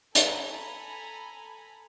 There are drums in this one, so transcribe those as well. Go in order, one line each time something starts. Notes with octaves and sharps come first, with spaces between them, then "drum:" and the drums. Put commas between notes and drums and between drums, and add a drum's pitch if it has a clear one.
A4 G#5 A#5 B5, drum: hi-hat